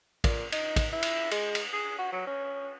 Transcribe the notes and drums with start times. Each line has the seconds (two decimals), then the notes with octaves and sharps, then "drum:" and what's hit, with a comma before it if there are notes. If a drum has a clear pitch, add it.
0.24 A#2, drum: kick, cymbal
0.52 D#4, drum: cymbal
0.76 drum: kick, cymbal
0.92 E4
1.03 drum: cymbal
1.31 G#3, drum: cymbal
1.55 drum: cymbal
1.73 G#4
1.98 F#4
2.12 F#3
2.26 C#4